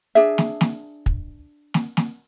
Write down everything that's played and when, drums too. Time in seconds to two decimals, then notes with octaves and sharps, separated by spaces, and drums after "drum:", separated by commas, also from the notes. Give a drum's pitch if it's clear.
0.15 D4 G#4 E5
0.38 drum: snare
0.61 drum: snare
1.06 drum: kick
1.74 drum: snare
1.97 drum: snare